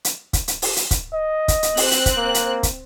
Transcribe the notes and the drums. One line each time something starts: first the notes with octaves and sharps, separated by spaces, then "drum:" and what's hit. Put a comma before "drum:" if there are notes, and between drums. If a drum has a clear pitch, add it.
drum: hi-hat
drum: kick, hi-hat
drum: hi-hat
drum: open hi-hat
drum: hi-hat
drum: kick, hi-hat
D#5
drum: kick, hi-hat
drum: hi-hat
C4 F#6, drum: open hi-hat
drum: hi-hat
drum: kick, hi-hat
A#3
drum: hi-hat
drum: kick, hi-hat